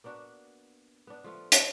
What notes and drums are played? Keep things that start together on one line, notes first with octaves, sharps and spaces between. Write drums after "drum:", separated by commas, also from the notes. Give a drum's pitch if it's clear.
A#3 B3 D4 F#4
B3 D4
F3 A3 F4
drum: hi-hat